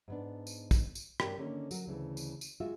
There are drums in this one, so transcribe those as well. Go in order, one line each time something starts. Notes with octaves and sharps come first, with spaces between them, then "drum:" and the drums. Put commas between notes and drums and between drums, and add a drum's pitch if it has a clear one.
G#2 B3 D4
drum: tambourine
drum: kick, tambourine
drum: tambourine
G2 C#4 G4 A#4 D5 G5, drum: rim click
D3 D#3 A#3 C#4 A4 A#4
F#3 A#4, drum: tambourine
D2 C#3 E3
drum: tambourine
drum: tambourine
G#3 F4 F#4 E5